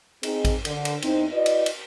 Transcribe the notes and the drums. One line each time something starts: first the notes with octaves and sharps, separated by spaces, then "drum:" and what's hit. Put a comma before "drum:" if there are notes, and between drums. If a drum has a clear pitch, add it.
C4 D#4 G#4, drum: cymbal
drum: kick A1, cymbal
D3, drum: cymbal
drum: cymbal
E2 C4 D#4, drum: cymbal
E4 F#4 B4 D5 D#5
drum: cymbal
drum: cymbal